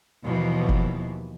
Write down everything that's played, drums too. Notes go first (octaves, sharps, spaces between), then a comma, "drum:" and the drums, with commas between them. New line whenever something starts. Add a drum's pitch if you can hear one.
D#2 B2 E3 F3
drum: kick